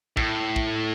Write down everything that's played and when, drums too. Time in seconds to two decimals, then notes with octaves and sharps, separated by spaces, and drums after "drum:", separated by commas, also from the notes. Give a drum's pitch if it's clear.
0.17 A2, drum: kick
0.56 drum: kick